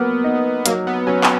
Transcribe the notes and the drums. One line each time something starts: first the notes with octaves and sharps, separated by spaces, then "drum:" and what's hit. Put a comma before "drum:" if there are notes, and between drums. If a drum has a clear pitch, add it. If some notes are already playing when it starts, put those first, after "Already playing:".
Already playing: F#3 A#3 B3
D#4
F#3 A#3, drum: hi-hat
B3
F#3 C#4
C#4, drum: clap